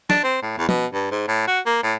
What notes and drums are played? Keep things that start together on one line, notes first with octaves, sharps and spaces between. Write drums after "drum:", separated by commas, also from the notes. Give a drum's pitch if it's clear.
D4, drum: snare
C4
A2
E2
B2, drum: tom
G2
G#2
A2
F#4
A#3
A2